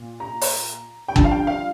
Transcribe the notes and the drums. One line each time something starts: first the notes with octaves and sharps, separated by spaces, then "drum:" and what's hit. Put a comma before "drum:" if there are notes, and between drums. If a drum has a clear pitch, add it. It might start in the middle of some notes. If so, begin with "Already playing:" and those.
Already playing: A#2
A#5
drum: open hi-hat
G5
G2 D3 F3 A5, drum: kick
F5
G5
F5